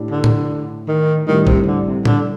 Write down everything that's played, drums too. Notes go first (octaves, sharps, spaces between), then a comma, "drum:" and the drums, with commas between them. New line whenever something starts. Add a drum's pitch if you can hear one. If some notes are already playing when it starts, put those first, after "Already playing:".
Already playing: A2 A3 D4 G4
D3
drum: tom A2
D#3
A2 D#3 G3 D4 A4
C3, drum: kick
D3
C3
D3, drum: tom A2